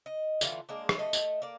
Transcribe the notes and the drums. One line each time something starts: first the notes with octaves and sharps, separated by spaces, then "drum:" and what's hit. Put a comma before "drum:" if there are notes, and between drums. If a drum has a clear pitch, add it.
D#5
D3 E3 A3 F4, drum: tambourine
G#3 A#3 D4
drum: rim click
A3 D#5
drum: tambourine
A#3 D5